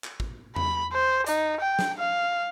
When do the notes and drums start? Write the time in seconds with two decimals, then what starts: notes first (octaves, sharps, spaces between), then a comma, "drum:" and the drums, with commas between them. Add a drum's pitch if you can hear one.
0.04 drum: clap
0.20 drum: kick
0.56 B5, drum: tom E2
0.92 C5
1.27 D#4, drum: hi-hat
1.60 G5
1.79 drum: snare
1.98 F5